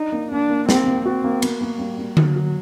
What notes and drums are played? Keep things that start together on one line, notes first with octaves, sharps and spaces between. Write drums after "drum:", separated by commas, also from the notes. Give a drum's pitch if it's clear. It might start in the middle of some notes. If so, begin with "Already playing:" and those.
Already playing: D4 D#4
A#3
A#3 D4
A#3
A#3 C4, drum: snare
A#3
C4 F#4
A#3
A#3 B3, drum: cymbal
A#3
G3 A#3
A#3
F#3 F#4, drum: tom D3
F#4